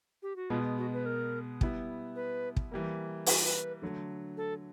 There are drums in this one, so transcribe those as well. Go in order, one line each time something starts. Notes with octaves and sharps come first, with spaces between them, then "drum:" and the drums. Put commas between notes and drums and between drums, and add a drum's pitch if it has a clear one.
G4
F#4
B2 G#3 B3 F4
F#4
B4
A#4
G3 B3 E4, drum: kick
B4
drum: kick
E3 G3 A#3
B4, drum: open hi-hat
B4
D3 F#3 A3
A4